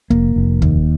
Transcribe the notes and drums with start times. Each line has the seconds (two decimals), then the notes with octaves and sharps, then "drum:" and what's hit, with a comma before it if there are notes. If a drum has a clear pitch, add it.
0.10 F1 A#3, drum: kick
0.36 F1
0.62 D#2, drum: kick